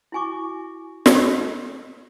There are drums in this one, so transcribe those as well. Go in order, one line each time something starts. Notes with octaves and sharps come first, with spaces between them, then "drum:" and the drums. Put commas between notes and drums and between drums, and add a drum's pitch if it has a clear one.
E4 F#4 G#5 C#6 D6
drum: snare